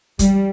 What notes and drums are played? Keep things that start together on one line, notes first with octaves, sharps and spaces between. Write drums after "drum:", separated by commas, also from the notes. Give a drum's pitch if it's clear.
G3, drum: kick, hi-hat